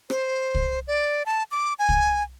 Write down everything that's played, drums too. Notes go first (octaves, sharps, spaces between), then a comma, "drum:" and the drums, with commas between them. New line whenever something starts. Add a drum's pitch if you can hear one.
C5, drum: rim click
drum: kick C2
D5
A5
D6
G#5
drum: kick C2